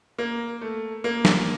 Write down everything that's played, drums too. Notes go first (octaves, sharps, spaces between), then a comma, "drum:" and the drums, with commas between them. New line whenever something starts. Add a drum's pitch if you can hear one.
A#3
A3
A#3
drum: snare